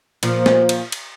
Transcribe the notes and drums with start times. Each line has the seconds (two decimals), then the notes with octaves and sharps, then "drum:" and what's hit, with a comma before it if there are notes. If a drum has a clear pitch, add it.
0.23 A#2 F3, drum: cymbal
0.46 drum: snare
0.69 drum: cymbal
0.92 drum: cymbal